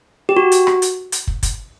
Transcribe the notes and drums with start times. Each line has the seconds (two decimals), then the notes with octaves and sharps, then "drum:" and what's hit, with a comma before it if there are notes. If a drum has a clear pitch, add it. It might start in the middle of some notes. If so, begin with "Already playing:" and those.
0.29 G4
0.37 F#4
0.52 drum: hi-hat
0.67 drum: rim click
0.82 drum: hi-hat
1.12 drum: hi-hat
1.27 drum: kick
1.43 drum: kick, hi-hat